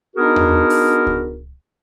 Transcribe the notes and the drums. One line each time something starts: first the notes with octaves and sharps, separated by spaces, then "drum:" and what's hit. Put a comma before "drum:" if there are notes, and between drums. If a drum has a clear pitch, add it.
B3 D4 D#4 F#4 G#4 A#4
drum: tom E2
drum: open hi-hat
drum: kick C#2